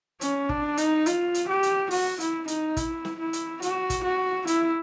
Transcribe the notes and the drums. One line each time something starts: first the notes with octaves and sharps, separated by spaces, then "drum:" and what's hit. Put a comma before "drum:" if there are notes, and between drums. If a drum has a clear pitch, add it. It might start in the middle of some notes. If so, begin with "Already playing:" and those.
C#4, drum: hi-hat
D4, drum: kick
D#4, drum: hi-hat
F4, drum: hi-hat
drum: hi-hat
G4
drum: hi-hat
F#4, drum: open hi-hat
E4, drum: hi-hat
D#4, drum: hi-hat
E4, drum: kick, hi-hat
drum: snare
E4
drum: hi-hat
F#4, drum: hi-hat
drum: kick, hi-hat
F#4
E4, drum: hi-hat